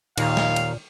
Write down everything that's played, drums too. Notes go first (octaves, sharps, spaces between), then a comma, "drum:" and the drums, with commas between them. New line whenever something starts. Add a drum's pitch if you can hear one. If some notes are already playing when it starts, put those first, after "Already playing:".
D#2 A#2 D#3 F5, drum: cymbal
drum: snare
drum: cymbal